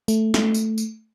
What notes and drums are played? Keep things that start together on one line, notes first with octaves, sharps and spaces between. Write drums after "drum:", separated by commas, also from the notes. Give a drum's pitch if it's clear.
A3, drum: tambourine
A3, drum: snare
drum: tambourine
drum: tambourine